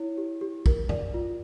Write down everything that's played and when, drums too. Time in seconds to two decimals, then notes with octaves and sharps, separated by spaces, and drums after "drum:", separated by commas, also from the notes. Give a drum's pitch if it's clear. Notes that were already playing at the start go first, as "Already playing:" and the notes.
Already playing: E4 C#5
0.18 G4
0.41 G4
0.66 A#4, drum: kick
0.89 D5, drum: tom
1.14 F4